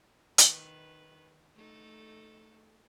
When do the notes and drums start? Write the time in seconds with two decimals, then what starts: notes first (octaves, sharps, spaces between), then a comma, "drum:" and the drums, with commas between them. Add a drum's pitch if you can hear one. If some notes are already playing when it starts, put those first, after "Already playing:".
0.38 D#3 B4, drum: hi-hat
1.55 A3 D#4 A4